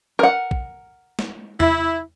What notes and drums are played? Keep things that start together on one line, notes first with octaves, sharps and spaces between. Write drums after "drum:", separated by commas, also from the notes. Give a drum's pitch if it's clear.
A#4 F#5
drum: kick
drum: snare
E4, drum: tom E2